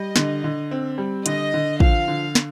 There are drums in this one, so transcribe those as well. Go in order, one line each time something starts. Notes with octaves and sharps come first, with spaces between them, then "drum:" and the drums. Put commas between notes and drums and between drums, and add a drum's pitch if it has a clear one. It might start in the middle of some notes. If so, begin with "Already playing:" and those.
Already playing: G3 D#5
D3, drum: snare
D3
C4
G3
D3 D#5, drum: hi-hat
D3
F3 F5, drum: kick
D3
drum: snare